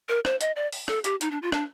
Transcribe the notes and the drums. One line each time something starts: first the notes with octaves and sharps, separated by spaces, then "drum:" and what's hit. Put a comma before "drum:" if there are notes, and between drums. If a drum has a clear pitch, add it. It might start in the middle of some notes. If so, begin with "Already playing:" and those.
A#4
C5, drum: rim click
D#5, drum: hi-hat
D5
drum: open hi-hat
A4, drum: rim click
G4, drum: hi-hat
D#4, drum: hi-hat
D4
F4
D4, drum: rim click